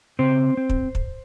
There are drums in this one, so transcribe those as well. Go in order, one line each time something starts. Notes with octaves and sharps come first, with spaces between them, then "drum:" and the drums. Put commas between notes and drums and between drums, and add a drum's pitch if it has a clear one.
C#3 C4 C5
C4
drum: kick
drum: kick